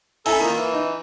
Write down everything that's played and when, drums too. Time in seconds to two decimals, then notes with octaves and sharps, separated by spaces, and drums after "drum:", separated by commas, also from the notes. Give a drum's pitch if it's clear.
0.26 E4 A4 G#5 A#5, drum: cymbal
0.40 D#3 A#3 F4
0.55 E3
0.72 D#4